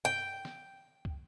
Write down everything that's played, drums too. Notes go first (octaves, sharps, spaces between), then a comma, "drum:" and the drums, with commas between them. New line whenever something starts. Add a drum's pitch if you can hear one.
G5, drum: tom G2
drum: snare
drum: kick